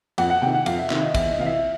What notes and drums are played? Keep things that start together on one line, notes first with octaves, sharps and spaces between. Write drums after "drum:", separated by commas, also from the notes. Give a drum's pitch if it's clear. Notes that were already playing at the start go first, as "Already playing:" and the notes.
F2 F#5, drum: cymbal
F#5
C3 D#3 G5
F#5
F2 F5, drum: cymbal
E5
C3 D#3 E5, drum: clap
D#5
E2 E5, drum: kick, cymbal
D#5
C3 E3 F5
E5